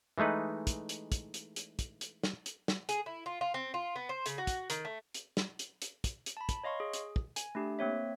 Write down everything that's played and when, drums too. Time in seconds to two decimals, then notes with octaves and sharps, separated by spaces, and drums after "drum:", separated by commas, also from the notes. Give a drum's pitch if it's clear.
0.18 E3 G#3 A3 D#4 B4
0.67 drum: kick, hi-hat
0.89 drum: hi-hat
1.12 drum: kick, hi-hat
1.34 drum: hi-hat
1.56 drum: hi-hat
1.79 drum: kick, hi-hat
2.01 drum: hi-hat
2.24 drum: snare
2.46 drum: hi-hat
2.68 drum: snare
2.89 G#4, drum: hi-hat
3.06 E4
3.26 F4
3.41 F4
3.54 C4
3.74 F4
3.96 B3
4.09 C5
4.26 C#3, drum: hi-hat
4.38 F#4
4.47 drum: kick, hi-hat
4.70 D#3, drum: hi-hat
4.85 A3
5.14 drum: hi-hat
5.37 drum: snare
5.59 drum: hi-hat
5.82 drum: hi-hat
6.04 drum: kick, hi-hat
6.26 drum: hi-hat
6.37 A5 B5
6.49 drum: kick, hi-hat
6.64 C#5 D#5 F5 C6 C#6
6.80 G#4
6.94 drum: hi-hat
7.16 drum: kick
7.36 G#5, drum: hi-hat
7.55 A3 D4 G4
7.79 A#3 C4 C#5 E5